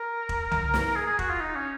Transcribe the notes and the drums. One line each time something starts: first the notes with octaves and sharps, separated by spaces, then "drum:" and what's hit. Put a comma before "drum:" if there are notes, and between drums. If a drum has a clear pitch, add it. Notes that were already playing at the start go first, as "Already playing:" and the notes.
Already playing: A#4
drum: kick E1
drum: tom C2
drum: snare
G#4
G#4
F#4, drum: kick E1
F4
D#4
C#4